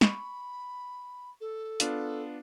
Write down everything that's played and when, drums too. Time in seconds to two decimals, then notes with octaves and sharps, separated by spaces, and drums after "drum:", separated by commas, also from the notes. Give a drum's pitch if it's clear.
0.01 B5 C#6, drum: snare
1.41 A4
1.80 B3 D4 F4, drum: hi-hat